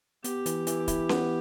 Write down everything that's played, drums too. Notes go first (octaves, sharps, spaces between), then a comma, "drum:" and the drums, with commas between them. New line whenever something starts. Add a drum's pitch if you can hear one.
B3 G4, drum: hi-hat
E3, drum: hi-hat
E3, drum: hi-hat
E4, drum: kick, hi-hat
B3, drum: snare C#4